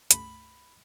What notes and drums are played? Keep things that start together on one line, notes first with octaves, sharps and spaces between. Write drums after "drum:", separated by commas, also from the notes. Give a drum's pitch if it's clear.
C#2 G2 A3 B5, drum: hi-hat